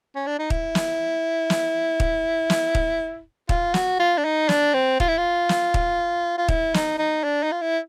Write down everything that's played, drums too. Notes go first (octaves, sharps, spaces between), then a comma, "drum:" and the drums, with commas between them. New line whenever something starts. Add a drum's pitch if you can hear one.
C#4
D4
D#4
E4, drum: kick
drum: snare
drum: snare
drum: kick
drum: snare
drum: kick
F4, drum: kick
F#4, drum: snare
F4
D4
D#4
D4, drum: snare
C4
F4, drum: kick
E4
F4
drum: snare
drum: kick
F4
E4, drum: kick
D#4, drum: snare
D#4
D4
D#4
F4
E4